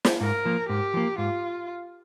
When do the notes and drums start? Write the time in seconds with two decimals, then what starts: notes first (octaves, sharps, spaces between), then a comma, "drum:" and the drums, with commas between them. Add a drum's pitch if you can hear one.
0.05 drum: snare
0.21 G#2 A#4
0.45 F3 A#3
0.69 G#2 G4
0.94 F3 A#3
1.18 G#2 F4